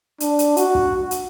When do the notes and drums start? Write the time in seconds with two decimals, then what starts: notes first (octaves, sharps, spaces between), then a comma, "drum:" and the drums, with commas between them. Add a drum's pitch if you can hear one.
0.20 D4, drum: hi-hat
0.39 drum: hi-hat
0.57 F#4, drum: hi-hat
0.75 drum: kick
1.11 drum: hi-hat